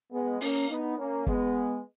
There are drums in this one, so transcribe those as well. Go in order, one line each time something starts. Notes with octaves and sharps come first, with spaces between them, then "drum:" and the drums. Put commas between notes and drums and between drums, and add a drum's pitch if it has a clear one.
G#3 B3
A#3 C#4, drum: open hi-hat
B3 D#4
A#3 C#4
G#3 B3, drum: kick